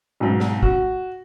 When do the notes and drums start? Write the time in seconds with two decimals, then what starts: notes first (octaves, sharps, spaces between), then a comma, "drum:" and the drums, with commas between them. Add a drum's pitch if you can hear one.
0.20 B1 G#2
0.40 drum: snare
0.63 F#4, drum: kick